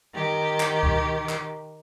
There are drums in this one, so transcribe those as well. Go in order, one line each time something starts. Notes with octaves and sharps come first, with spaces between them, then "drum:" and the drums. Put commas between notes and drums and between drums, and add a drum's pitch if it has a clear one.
D#3 G4
drum: clap
drum: kick C#2
drum: clap